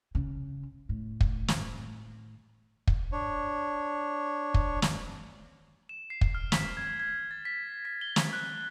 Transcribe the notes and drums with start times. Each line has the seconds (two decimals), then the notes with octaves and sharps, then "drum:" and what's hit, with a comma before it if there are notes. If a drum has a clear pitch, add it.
0.15 C#3
0.89 A2
1.21 drum: kick
1.48 drum: snare
2.87 drum: kick
3.12 D4 C#5
4.54 drum: kick
4.82 drum: snare
5.89 E7
6.10 C7
6.21 drum: kick
6.35 F6
6.52 B6, drum: snare
6.77 G#6
7.00 G#6
7.31 A6
7.45 B6
7.85 B6
8.01 G7
8.16 drum: snare
8.33 F#6